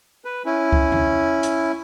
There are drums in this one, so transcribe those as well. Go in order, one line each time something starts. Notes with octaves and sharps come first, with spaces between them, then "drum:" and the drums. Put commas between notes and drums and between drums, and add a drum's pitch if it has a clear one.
B4
C#4 E4
drum: kick C#2
drum: tom E2
drum: hi-hat